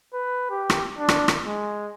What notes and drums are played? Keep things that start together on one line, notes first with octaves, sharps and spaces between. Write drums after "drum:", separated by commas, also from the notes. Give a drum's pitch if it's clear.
B4
G4
drum: rim click
D4
drum: rim click
drum: rim click
G#3